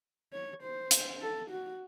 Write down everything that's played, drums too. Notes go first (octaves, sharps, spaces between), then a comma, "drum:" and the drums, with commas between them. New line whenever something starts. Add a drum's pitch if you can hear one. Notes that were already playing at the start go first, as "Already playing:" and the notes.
C#5
C5
drum: hi-hat
A4
F#4